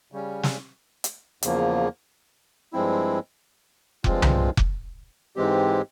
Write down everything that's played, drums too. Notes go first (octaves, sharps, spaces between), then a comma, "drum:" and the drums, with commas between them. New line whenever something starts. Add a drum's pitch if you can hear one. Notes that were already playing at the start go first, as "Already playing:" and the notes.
C#3 G3 C#4
drum: snare
drum: hi-hat
E2 C#3 F3 A#3, drum: hi-hat
G2 F3 G#3 C4 E4
G2 F3 G#3 C4 F4, drum: kick F1
drum: tom C2
drum: kick F1
G#2 E3 G#3 C4 G4